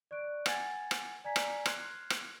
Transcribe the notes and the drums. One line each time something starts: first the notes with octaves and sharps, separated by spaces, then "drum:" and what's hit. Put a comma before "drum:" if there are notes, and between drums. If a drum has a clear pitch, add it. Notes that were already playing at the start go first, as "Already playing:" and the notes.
D5 C#6 F#6 D7
F#5 G#5 G#6 A6 C#7, drum: rim click
drum: rim click
D5 G#5 A#5 G#6 B6
drum: rim click
C6 F6 F#6 G#6 C7, drum: rim click
drum: rim click